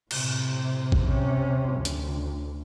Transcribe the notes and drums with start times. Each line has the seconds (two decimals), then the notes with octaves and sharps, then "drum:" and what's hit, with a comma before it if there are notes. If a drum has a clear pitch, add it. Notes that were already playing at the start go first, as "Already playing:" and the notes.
0.11 A2 C3, drum: cymbal
0.92 drum: kick
1.07 C3 C#4
1.74 D2
1.85 drum: hi-hat